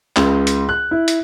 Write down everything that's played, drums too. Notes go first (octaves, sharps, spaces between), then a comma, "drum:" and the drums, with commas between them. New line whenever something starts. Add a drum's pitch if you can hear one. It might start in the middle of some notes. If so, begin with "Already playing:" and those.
C#2, drum: clap
drum: hi-hat
F#6
E4
drum: hi-hat